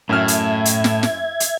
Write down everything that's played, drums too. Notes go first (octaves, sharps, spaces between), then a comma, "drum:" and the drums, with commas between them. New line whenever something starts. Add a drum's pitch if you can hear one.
F#2 A2 E5 F6 G#6
drum: hi-hat
drum: hi-hat
drum: snare
drum: snare
drum: hi-hat